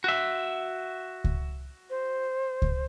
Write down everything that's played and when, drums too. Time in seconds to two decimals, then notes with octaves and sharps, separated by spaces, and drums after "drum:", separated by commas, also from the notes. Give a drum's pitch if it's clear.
0.04 F#4 E5
1.24 drum: kick C#2
1.90 C5
2.62 drum: kick C#2